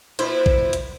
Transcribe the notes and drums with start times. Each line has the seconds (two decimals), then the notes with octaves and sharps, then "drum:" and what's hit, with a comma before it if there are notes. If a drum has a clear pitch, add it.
0.19 A#2 E4 C5, drum: hi-hat
0.46 drum: kick
0.73 drum: hi-hat